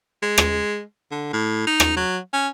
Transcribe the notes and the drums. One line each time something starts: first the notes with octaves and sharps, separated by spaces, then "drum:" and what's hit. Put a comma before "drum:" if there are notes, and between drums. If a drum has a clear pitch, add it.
G#3
drum: rim click
D3
A2
D#4
drum: rim click
F#3
C#4